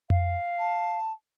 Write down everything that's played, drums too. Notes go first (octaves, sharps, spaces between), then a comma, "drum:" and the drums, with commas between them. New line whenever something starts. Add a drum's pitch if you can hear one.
F5, drum: tom F2
A5